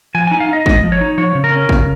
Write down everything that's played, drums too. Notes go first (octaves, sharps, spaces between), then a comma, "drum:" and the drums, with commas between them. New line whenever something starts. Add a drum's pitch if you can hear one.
F3 G#5
G#5
D#4
F5
D#4 D#5
G#3 D#5, drum: kick
F3
C#5
D#4
F3 C#5
C#3
A#4
C#4
C#3, drum: kick